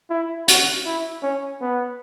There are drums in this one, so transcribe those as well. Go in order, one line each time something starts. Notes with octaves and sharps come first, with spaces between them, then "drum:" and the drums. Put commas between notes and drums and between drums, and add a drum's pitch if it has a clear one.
E4
F#4, drum: hi-hat
E4
C#4
B3